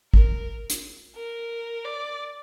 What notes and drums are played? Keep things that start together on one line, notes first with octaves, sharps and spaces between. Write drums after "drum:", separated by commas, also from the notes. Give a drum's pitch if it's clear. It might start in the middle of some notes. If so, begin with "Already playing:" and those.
A#4, drum: kick G#1
drum: hi-hat
A#4
D5